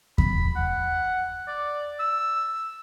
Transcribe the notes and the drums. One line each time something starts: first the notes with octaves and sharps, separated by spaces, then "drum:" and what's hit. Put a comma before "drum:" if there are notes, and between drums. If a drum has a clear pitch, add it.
B5, drum: kick E2
F#5
D5
E6